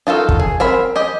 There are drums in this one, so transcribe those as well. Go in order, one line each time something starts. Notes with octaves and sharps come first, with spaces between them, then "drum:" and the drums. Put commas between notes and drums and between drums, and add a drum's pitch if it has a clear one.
D#4 F4 F#4 A4
drum: kick
G#4
C4 A#4 B5
G4 D#5